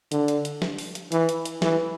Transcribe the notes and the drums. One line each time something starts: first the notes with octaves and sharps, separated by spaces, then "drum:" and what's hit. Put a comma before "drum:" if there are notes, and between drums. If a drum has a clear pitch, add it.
D3, drum: hi-hat
drum: hi-hat
drum: hi-hat
drum: snare
drum: open hi-hat
drum: hi-hat
E3, drum: hi-hat
drum: hi-hat
drum: hi-hat
E3, drum: snare